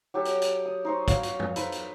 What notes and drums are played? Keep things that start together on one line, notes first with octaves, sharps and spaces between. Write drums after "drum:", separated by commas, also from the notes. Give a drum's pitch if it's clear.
F#3 G4 A4
drum: hi-hat
drum: hi-hat
D#6
D#4 C5 C#6
F#3 C#5 F5, drum: kick, hi-hat
drum: hi-hat
drum: tom
D#4 A4 B4 C5, drum: hi-hat
drum: hi-hat